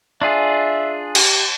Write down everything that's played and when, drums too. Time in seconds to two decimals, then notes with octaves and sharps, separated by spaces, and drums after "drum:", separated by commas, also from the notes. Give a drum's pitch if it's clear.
0.22 D4 F4 G#4 E5
1.15 G4, drum: cymbal